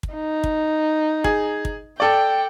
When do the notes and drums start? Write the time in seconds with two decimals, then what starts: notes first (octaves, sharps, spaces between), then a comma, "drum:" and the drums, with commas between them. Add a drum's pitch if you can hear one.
0.03 drum: kick
0.14 D#4
0.44 drum: kick
1.24 G#4, drum: kick
1.65 drum: kick
2.00 A4 D5 G5